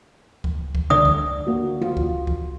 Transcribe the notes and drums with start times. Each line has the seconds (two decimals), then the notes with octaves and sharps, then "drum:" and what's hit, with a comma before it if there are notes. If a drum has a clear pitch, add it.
0.44 drum: kick C#2
0.75 drum: kick C#2
0.90 D3 D4 D5 D#6
1.05 drum: kick C#2
1.47 A#3 F#4
1.82 F4, drum: tom D3
1.97 drum: kick C#2
2.27 drum: kick C#2